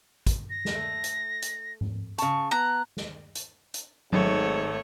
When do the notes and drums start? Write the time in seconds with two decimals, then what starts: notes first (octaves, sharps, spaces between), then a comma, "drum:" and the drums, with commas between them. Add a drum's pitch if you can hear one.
0.26 drum: kick, hi-hat
0.50 A#6
0.65 drum: snare
0.75 A3
1.04 drum: hi-hat
1.42 drum: hi-hat
1.81 drum: tom G#2
2.18 C#3 A5 C#6, drum: hi-hat
2.51 B3 A#5 F#6
2.97 drum: snare
3.35 drum: hi-hat
3.74 drum: hi-hat
4.13 G#1 G#2 A3 C#5, drum: tom F#3